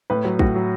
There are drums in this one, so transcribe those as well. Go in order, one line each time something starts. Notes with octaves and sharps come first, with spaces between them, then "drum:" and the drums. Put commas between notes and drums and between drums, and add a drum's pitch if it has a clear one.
A2 B4
F#3 B4
A2 F#4, drum: kick
F#3